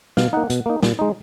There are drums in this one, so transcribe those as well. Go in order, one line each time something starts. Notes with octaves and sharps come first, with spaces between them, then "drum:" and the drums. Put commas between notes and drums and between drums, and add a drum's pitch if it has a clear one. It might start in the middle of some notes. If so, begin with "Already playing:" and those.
B2 F5, drum: snare
A#3 D#4 F#5
B2, drum: hi-hat
A#3 D#4
A#2, drum: snare
G#3 D#4